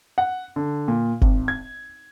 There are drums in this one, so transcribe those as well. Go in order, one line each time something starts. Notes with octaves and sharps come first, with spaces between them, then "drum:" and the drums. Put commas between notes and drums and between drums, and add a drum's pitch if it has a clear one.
F#5
D3
A#2
G#1, drum: kick F#1
G#6